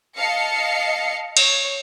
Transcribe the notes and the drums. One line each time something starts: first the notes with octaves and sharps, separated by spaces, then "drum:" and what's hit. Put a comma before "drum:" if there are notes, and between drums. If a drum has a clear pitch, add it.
D#5 F5 A5 C7 C#7
C#5, drum: cymbal